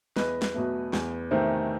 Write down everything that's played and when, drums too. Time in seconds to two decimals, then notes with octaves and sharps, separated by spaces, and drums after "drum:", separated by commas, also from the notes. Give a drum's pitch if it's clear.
0.17 E2 B4 D#5, drum: snare
0.42 drum: snare
0.54 B2 F#3 A3
0.93 E2, drum: snare
1.31 C3 D#3 A3 C4